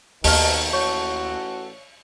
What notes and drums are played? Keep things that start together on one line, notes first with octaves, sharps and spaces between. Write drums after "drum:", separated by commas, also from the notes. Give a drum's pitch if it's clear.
D#2 B2 D#3 G4 A4 D#5 F6, drum: open hi-hat
A1 F#4 C#5 C#6 G6